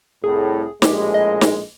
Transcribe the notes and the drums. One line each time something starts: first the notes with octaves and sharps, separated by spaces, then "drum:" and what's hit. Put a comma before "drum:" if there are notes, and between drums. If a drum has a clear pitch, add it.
C2 A2 G#4
A#1 A2 G#3 G4, drum: snare
D#5
drum: snare